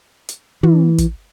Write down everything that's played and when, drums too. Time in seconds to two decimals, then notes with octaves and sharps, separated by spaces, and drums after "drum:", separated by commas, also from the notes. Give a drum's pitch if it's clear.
0.29 drum: hi-hat
0.63 E3, drum: tom
0.98 drum: kick, hi-hat